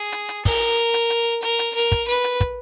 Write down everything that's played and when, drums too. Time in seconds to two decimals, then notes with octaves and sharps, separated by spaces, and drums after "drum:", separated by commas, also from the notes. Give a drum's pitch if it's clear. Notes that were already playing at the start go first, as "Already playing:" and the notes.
Already playing: G#4
0.12 drum: hi-hat
0.29 drum: hi-hat
0.45 A#4, drum: kick, open hi-hat
0.94 drum: hi-hat
1.10 drum: hi-hat
1.42 A#4, drum: hi-hat
1.59 drum: hi-hat
1.75 A#4
1.92 drum: kick, hi-hat
2.08 B4
2.24 drum: hi-hat
2.40 drum: kick, hi-hat